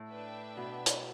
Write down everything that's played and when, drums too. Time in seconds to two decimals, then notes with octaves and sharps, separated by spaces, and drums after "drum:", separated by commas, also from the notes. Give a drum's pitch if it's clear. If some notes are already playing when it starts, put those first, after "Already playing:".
Already playing: A2
0.10 D4 B4 E5 G5
0.57 B2
0.86 drum: hi-hat